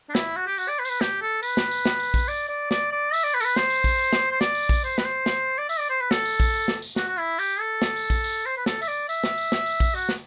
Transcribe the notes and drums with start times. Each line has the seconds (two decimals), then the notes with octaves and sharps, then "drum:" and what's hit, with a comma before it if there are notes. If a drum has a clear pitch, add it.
0.09 D4
0.15 E4, drum: snare
0.36 F#4
0.47 G4
0.58 F#4, drum: tambourine
0.68 D5
0.79 B4
0.85 C5, drum: tambourine
0.90 B4
1.01 G4, drum: snare
1.22 A4
1.43 B4, drum: tambourine
1.57 drum: snare
1.71 drum: tambourine
1.85 drum: snare
2.00 drum: tambourine
2.14 drum: kick A#1, tambourine
2.28 D5, drum: tambourine
2.49 D5
2.71 D5, drum: snare
2.92 D5
3.13 E5, drum: tambourine
3.24 D5
3.34 B4
3.41 A4, drum: tambourine
3.45 B4
3.56 C5, drum: snare
3.70 drum: tambourine
3.84 drum: kick A#1, tambourine
3.98 drum: tambourine
4.13 drum: snare
4.31 C5
4.41 D5, drum: snare
4.55 drum: tambourine
4.69 drum: kick A#1, tambourine
4.84 C5, drum: tambourine
4.98 B4, drum: snare
5.05 C5
5.26 drum: snare
5.58 D5
5.69 E5, drum: tambourine
5.79 D5
5.90 C5
6.01 B4
6.11 A4, drum: snare
6.25 drum: tambourine
6.40 drum: kick A#1, tambourine
6.54 drum: tambourine
6.68 drum: snare
6.82 drum: tambourine
6.96 F#4, drum: snare
7.08 F#4
7.18 E4
7.39 G4, drum: tambourine
7.60 A4
7.82 drum: snare
7.96 drum: tambourine
8.10 drum: kick A#1, tambourine
8.24 drum: tambourine
8.46 C5
8.57 B4
8.66 A4, drum: snare
8.82 E5, drum: tambourine
8.88 D5
9.09 E5, drum: tambourine
9.24 drum: snare
9.38 drum: tambourine
9.52 drum: snare
9.66 drum: tambourine
9.80 drum: kick A#1, tambourine
9.95 F#4, drum: tambourine
10.09 drum: snare